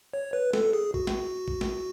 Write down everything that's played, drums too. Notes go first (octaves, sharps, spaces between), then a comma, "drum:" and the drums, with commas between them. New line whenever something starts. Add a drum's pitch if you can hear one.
C#5
B4
A4, drum: snare
G#4
F#4, drum: kick A1
drum: snare
drum: kick A1
drum: snare